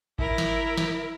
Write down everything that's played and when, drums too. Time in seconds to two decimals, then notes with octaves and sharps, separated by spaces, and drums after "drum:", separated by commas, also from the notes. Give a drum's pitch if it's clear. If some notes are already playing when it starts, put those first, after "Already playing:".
0.19 E4 A#4, drum: kick G#1
0.38 drum: snare
0.77 drum: snare